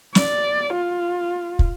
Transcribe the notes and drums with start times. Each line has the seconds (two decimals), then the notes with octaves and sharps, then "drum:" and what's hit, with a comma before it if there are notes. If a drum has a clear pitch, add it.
0.15 D5, drum: snare
0.74 F4
1.59 drum: kick